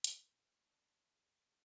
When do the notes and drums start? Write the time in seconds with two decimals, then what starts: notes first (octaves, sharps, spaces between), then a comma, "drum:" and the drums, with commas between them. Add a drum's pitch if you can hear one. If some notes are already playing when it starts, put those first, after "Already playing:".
0.04 drum: hi-hat
0.23 A#2 C4
0.64 A#2 D4
1.06 G#3
1.47 G#3